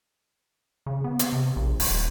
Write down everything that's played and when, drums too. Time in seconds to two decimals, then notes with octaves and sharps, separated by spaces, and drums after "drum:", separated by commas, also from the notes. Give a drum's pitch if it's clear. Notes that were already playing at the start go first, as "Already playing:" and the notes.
0.86 C#3
1.04 B3
1.19 drum: hi-hat
1.32 C3
1.56 A#1
1.80 D#1, drum: open hi-hat